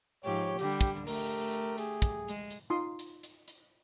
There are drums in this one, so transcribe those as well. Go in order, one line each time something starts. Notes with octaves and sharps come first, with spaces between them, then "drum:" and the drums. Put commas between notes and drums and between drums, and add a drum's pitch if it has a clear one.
G#2 F3 G4 C#5
D3 G3 G4, drum: hi-hat
drum: kick, hi-hat
A3 G4 A#4, drum: open hi-hat
drum: hi-hat
G#4, drum: hi-hat
drum: kick, hi-hat
G#3, drum: hi-hat
drum: hi-hat
D#4 F4 C6 D#6
drum: hi-hat
drum: hi-hat
drum: hi-hat